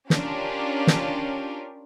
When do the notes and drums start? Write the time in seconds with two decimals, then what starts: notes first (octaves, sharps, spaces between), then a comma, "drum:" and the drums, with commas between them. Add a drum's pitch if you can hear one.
0.10 C#4 D4 F4 G4 A#4, drum: snare
0.87 drum: snare